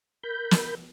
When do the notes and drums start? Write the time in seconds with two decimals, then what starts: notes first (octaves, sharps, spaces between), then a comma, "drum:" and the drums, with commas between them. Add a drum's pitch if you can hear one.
0.23 A#4 B5 G6
0.51 drum: snare